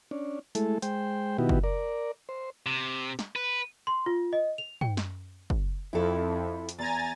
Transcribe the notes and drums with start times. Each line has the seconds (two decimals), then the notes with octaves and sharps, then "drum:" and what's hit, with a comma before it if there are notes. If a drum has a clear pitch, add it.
0.11 C#4 D4
0.55 G#3 A3 E4 A4, drum: hi-hat
0.82 G#3 C5 G5, drum: hi-hat
1.38 B2 D#3 B3 E4 F#4 G4
1.49 drum: kick
1.64 A#4 D5
2.29 C5
2.66 C3
3.19 drum: snare
3.36 B4
3.87 C6
4.06 F4
4.33 D#5
4.58 F7
4.81 G5, drum: tom
4.97 drum: snare
5.50 drum: kick
5.93 F2 E4 A4
6.69 drum: hi-hat
6.78 E2 G#5 A#5 A6